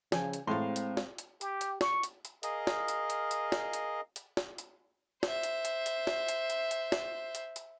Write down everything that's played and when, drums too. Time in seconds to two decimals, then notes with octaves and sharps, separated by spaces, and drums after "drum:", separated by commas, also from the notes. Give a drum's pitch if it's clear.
0.12 C#3 F3 G5 G#5, drum: snare
0.33 drum: hi-hat
0.47 A2 G#3 C4 A4 F5 A#5 C6
0.76 drum: hi-hat
0.97 drum: snare
1.18 drum: hi-hat
1.41 G4, drum: hi-hat
1.61 drum: hi-hat
1.81 C#6, drum: snare
2.03 drum: hi-hat
2.25 drum: hi-hat
2.43 G#4 A#4 D#5 F5, drum: hi-hat
2.67 drum: snare
2.88 drum: hi-hat
3.10 drum: hi-hat
3.31 drum: hi-hat
3.52 drum: snare
3.73 drum: hi-hat
4.16 drum: hi-hat
4.37 drum: snare
4.58 drum: hi-hat
5.23 C5 E5, drum: snare
5.43 drum: hi-hat
5.65 drum: hi-hat
5.86 drum: hi-hat
6.07 drum: snare
6.28 drum: hi-hat
6.50 drum: hi-hat
6.71 drum: hi-hat
6.92 drum: snare
7.35 drum: hi-hat
7.56 drum: hi-hat